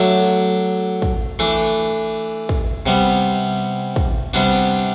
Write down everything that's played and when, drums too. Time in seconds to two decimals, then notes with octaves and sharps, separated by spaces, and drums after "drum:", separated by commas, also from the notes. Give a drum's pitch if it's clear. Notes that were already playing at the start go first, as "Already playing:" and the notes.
Already playing: F#3 A3 D4
1.02 drum: kick
1.39 E3 A3 D4
2.49 drum: kick
2.86 C3 G3 B3
3.96 drum: kick
4.34 C3 G3 B3 D4